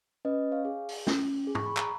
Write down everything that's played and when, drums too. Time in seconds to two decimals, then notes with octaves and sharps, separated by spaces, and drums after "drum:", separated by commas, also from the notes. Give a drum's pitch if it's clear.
0.25 C#4 B4 D#5
0.52 C#5 F5
0.65 G#4
0.89 drum: open hi-hat
1.07 C#4, drum: snare
1.47 G#4
1.55 C#6, drum: tom
1.66 B5
1.77 A#5, drum: clap